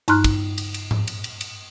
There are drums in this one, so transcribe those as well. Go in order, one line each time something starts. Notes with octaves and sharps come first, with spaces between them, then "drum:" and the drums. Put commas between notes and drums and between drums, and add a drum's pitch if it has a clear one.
G2 D#4 A#5 C6 F6 F#6, drum: cymbal
drum: kick, cymbal
drum: cymbal
drum: cymbal
drum: tom G#2
drum: cymbal
drum: cymbal
drum: cymbal